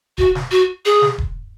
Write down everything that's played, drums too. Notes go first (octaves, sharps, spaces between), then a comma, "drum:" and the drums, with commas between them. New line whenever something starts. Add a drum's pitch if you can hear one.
F#4, drum: kick D#1
drum: snare
F#4
G#4
drum: snare
drum: kick D#1